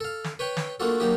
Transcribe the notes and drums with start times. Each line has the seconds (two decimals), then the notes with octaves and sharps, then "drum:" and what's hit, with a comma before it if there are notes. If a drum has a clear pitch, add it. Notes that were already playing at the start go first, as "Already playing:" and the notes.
0.01 A4 F5
0.24 drum: snare
0.39 B4 C#5 G5
0.57 drum: snare
0.80 A3 A#3 D4 F4 F#4 A4
1.00 F#3 A#3 D4 D#4 G4